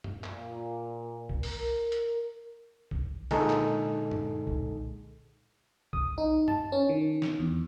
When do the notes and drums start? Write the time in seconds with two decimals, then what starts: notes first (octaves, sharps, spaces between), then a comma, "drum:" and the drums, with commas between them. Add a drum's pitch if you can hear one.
0.04 drum: tom F#2
0.24 A#2, drum: clap
1.29 drum: kick B1
1.43 A#4, drum: open hi-hat
1.92 drum: hi-hat
2.91 drum: kick B1
3.31 A#2 D3 G#3 D#4 G#4 A4, drum: cymbal
3.50 drum: clap
4.11 drum: tom F#2
4.47 drum: kick B1
5.93 D#6, drum: kick B1
6.18 D#4
6.48 A5, drum: tom F#2
6.72 C#4
6.89 D#3
7.22 drum: snare
7.39 E2